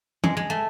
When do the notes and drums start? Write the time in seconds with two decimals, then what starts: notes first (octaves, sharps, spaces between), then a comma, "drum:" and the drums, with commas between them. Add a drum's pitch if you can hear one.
0.24 G#3, drum: tom
0.37 G#3
0.50 A3